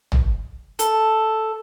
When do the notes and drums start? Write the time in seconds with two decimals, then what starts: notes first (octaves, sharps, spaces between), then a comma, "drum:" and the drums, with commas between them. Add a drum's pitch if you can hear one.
0.12 drum: tom A1
0.79 A4, drum: hi-hat